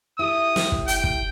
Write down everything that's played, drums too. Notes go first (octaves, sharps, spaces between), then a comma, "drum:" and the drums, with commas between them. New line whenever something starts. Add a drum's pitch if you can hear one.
E4 G4 A4 D#6
drum: snare
drum: kick
G5, drum: hi-hat
drum: kick